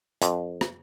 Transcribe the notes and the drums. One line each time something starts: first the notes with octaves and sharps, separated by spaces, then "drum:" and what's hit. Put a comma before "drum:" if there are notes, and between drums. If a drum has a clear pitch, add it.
F2, drum: hi-hat
drum: rim click